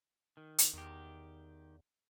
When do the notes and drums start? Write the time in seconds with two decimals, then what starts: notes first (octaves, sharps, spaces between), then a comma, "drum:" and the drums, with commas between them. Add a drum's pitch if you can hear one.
0.37 D#3
0.58 drum: hi-hat
0.73 E2 D#3 G4